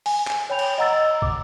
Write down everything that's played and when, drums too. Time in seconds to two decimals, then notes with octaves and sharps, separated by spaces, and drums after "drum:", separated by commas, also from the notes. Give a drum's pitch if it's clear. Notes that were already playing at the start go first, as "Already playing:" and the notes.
0.06 G#5, drum: open hi-hat
0.27 drum: clap
0.50 C#5 G5 B5 G6 F7
0.59 drum: cymbal
0.78 D#5 F#5 A#5 E6 A6
1.22 D6, drum: kick